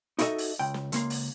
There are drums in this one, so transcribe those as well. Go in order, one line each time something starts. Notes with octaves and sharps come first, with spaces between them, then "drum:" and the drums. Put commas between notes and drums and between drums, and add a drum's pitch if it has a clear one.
D#4 E4 F#4 A4 D#5 E5, drum: hi-hat
drum: open hi-hat
C#2 G5
drum: snare
C#2 A#3 C6, drum: hi-hat
drum: open hi-hat